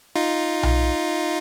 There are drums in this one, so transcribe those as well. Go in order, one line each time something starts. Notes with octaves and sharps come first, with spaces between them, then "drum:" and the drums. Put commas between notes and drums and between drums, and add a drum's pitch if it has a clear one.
D#4 F4
drum: tom B1